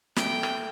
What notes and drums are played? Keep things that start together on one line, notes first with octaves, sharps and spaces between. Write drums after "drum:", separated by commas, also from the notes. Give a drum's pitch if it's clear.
A3 G5, drum: snare
drum: rim click